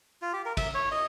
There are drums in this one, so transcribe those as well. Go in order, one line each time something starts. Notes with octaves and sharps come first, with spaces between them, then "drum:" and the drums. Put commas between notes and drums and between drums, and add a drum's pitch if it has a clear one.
F4
G4
A#4
E5, drum: kick, cymbal
C#5
D#5